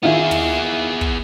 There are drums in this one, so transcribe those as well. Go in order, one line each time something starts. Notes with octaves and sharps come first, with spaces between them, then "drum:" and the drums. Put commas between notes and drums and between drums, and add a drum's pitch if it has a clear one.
D#3 B3 E4 F4 G#4
drum: tom
drum: kick